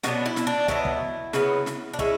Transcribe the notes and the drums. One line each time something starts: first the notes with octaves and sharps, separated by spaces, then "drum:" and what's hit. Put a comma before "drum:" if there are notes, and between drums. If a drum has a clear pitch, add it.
B2 F#3 B3 D4 F#4, drum: snare
E4
drum: snare
D4
B2 F#3 B3 D4 E4, drum: kick
drum: kick
C#3 F#3 B3, drum: snare
drum: snare
D4
G#3 C#4 E4, drum: kick